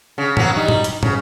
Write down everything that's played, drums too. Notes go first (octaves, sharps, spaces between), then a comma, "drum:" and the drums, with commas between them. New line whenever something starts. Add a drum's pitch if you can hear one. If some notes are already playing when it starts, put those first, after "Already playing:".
C#3
F#3 A#3 B3, drum: tom
G3 D#4
drum: tom
drum: hi-hat
C#3, drum: tom